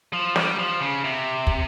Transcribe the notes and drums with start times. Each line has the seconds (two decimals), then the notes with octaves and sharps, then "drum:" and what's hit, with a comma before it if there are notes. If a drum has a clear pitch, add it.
0.13 F3
0.36 G3, drum: snare
0.59 F3
0.81 C#3
1.04 C3
1.47 drum: kick